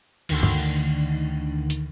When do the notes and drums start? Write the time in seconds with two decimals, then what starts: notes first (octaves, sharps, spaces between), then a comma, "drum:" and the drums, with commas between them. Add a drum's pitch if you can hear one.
0.29 D2 D3 D#3, drum: cymbal
0.43 drum: tom
1.70 drum: hi-hat